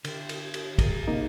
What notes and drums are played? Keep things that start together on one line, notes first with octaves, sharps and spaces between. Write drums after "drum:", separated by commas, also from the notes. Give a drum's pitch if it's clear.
D3 G4, drum: cymbal
drum: cymbal
drum: cymbal
G#4 A#4, drum: kick, cymbal
C3 A#3 D#4